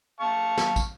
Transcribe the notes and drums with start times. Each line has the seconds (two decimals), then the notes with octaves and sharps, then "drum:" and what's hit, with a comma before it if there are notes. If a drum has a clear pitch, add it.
0.20 F5 A5 C#6
0.57 drum: snare
0.76 drum: kick, tambourine